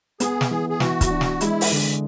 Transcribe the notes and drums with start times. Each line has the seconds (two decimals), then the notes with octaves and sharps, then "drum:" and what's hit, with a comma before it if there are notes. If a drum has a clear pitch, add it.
0.20 B3 G#4, drum: hi-hat
0.41 drum: snare
0.51 E3 G#4
0.69 G#4
0.80 E3 F#4, drum: snare
1.01 drum: kick, hi-hat
1.10 D4
1.21 drum: snare
1.41 G#3 E4, drum: hi-hat
1.61 drum: open hi-hat
1.71 D3